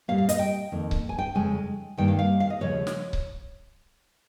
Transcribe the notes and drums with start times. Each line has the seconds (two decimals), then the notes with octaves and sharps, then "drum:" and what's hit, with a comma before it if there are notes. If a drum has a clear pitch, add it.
0.08 A#2 G3 A#3 F5
0.18 F5
0.29 D#5, drum: hi-hat
0.39 G5
0.72 F2 D#3 A#3
0.91 drum: kick C#1
1.09 G#5
1.19 G5
1.35 F2 C#3 G#3 G#5
1.97 G2 D#3 A#3 G5
2.08 F5
2.19 F5
2.40 F5
2.50 D#5
2.60 D#2 C#3 F3 C#5
2.87 drum: snare
3.13 drum: kick C#1